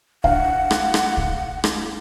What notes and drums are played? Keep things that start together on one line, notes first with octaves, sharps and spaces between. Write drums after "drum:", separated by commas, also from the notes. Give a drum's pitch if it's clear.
F5 F#5, drum: kick C2
drum: rim click
drum: rim click
drum: kick C2
drum: rim click